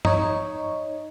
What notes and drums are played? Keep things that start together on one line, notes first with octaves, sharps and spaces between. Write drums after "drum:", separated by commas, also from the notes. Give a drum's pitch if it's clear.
D#4 C#5, drum: tom G2